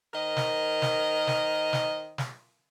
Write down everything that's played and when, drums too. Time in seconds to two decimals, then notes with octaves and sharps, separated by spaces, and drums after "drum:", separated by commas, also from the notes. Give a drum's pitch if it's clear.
0.14 D#3 A#4 C5 D#5
0.37 drum: snare
0.82 drum: snare
1.27 drum: snare
1.73 drum: snare
2.18 drum: snare